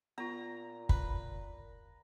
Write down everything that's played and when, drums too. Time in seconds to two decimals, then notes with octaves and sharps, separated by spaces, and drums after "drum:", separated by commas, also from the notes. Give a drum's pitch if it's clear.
0.18 A#2 B3 F4 A#5
0.89 B4, drum: kick